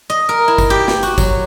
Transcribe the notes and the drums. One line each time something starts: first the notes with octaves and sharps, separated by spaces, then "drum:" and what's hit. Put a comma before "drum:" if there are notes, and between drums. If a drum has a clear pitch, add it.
D#5
A#4
E4
drum: kick G1, tambourine
G4
drum: snare
F#4, drum: tambourine
F#3, drum: kick G1, tambourine